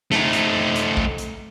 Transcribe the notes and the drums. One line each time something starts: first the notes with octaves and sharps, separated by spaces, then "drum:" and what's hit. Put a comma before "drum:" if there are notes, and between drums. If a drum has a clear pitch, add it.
A3 D#4, drum: snare
drum: hi-hat
drum: hi-hat
drum: kick
drum: hi-hat